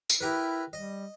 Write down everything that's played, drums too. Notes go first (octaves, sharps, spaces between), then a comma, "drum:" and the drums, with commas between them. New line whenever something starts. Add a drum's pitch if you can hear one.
drum: tambourine
E4 G4 A#4 B4
G3 D#5